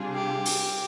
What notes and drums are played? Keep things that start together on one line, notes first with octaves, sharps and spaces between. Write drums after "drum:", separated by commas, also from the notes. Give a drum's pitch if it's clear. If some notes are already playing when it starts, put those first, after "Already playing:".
Already playing: C3 G3 D4 F4 G#4
G4
drum: open hi-hat